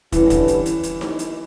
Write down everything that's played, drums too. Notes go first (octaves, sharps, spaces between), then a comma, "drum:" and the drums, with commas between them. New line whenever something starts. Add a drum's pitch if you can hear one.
D3 E3 G3 C#4 E4 B4, drum: kick, hi-hat
drum: kick, hi-hat
drum: hi-hat
drum: hi-hat
drum: hi-hat
drum: snare D#4
drum: hi-hat